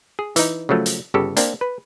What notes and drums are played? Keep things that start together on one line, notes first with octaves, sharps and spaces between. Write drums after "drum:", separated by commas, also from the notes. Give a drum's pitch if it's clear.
G#4
E3 D#4, drum: hi-hat
C#3 F3 F#3 A3
drum: hi-hat
G1 C#3 G4 A4
A#3 C4 D4, drum: hi-hat
B4